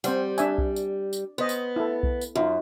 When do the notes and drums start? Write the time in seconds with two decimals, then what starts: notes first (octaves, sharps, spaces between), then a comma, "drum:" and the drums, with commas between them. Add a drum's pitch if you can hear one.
0.04 G3 C4 C5 F#5, drum: tambourine
0.38 D4 E5 G#5, drum: tambourine
0.58 drum: kick B1
0.76 drum: tambourine
1.13 drum: tambourine
1.38 B3 C5 D#5
1.49 drum: tambourine
1.76 E4 A4
2.03 drum: kick B1
2.21 drum: tambourine
2.35 F#2 D#4 F4 F#4